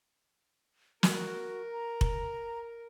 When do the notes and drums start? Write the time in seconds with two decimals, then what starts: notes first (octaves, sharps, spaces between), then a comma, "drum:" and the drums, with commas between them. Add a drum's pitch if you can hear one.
1.03 F#4 A#4, drum: snare
1.71 A#5
2.01 drum: kick F1